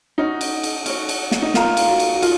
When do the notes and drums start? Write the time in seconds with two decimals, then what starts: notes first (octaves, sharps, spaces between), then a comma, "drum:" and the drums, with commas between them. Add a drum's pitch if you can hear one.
0.18 C#4 D#4 F#4 C#5
0.41 drum: cymbal
0.63 drum: cymbal
0.86 C#4 F#4 C#5, drum: cymbal
1.09 drum: cymbal
1.32 drum: snare
1.42 D#4
1.54 F4 A#4 F5 A#5, drum: snare
1.77 drum: cymbal
1.88 F#4
2.00 drum: cymbal
2.15 F#4
2.22 F4 A#4, drum: cymbal